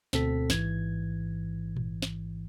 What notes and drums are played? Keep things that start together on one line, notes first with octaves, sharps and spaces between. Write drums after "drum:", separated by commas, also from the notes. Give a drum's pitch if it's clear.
D2 B2 C4 A4 B6, drum: snare
A1 G#2 E3 G#6, drum: snare
drum: tom A#2
drum: snare